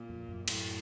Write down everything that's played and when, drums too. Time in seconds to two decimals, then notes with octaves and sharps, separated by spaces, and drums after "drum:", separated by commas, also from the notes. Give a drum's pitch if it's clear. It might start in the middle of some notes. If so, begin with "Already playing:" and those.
Already playing: A#2
0.09 F2
0.29 F#2
0.48 F#2 A2, drum: cymbal